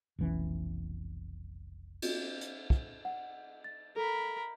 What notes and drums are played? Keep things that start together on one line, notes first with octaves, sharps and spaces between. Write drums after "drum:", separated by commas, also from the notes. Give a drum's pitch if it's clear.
F1 B1 E3 C#4
drum: cymbal
drum: hi-hat
drum: kick
F#5
A6
A4 A#4 B5